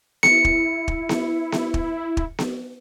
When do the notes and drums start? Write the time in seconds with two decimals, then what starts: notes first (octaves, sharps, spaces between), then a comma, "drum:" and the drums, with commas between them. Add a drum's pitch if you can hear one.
0.23 E4 C#7, drum: snare B3
0.45 drum: kick
0.88 drum: kick
1.09 drum: snare B3
1.52 drum: snare B3
1.74 drum: kick
2.17 drum: kick
2.39 drum: snare B3